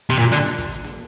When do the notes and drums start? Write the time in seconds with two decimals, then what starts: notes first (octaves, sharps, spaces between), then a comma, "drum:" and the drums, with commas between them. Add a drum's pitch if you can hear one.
0.10 C3
0.19 A#2
0.32 D3
0.45 drum: hi-hat
0.58 drum: kick, hi-hat
0.71 drum: hi-hat
0.84 drum: snare A#3